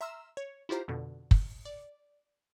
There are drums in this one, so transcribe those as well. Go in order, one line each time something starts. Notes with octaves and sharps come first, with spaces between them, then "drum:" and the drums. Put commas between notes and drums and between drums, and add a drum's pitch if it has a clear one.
E5 A#5 C6 E6 F6 E7
C#5
E4 F4 G4 C5 A#5
F2 B2 D3
drum: kick
D5